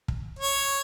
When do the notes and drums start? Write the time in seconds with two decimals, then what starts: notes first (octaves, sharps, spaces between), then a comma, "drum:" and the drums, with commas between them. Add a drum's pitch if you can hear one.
0.08 drum: kick
0.39 C#5